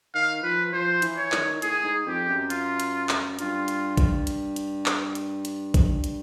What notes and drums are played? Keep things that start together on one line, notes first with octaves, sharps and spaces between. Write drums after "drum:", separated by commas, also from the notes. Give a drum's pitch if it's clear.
D#3 F5
F3 B4
F3 C5
E3, drum: hi-hat
C#5
D#3, drum: clap
A2 G#4, drum: hi-hat
G#2
F2 G4
F#2
F4, drum: hi-hat
drum: hi-hat
drum: clap
G2 F4, drum: hi-hat
drum: hi-hat
drum: kick A1, hi-hat
drum: hi-hat
drum: hi-hat
drum: clap
drum: hi-hat
drum: hi-hat
drum: kick A1, hi-hat
drum: hi-hat